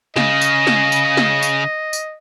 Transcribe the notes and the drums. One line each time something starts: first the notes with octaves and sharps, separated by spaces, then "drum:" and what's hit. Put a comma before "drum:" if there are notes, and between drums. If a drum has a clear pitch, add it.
C#3 D#5, drum: snare
drum: tambourine
drum: snare
drum: tambourine
drum: snare
drum: tambourine
drum: tambourine